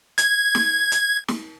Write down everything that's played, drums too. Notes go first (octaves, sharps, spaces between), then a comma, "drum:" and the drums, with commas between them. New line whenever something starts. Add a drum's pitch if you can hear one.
G#6, drum: hi-hat
drum: snare
drum: hi-hat
drum: snare